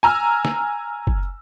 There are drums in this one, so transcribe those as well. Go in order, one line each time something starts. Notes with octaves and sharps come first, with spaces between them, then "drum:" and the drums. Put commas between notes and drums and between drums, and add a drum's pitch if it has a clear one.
G#5 A#5 E6 F6
drum: snare
drum: kick F#1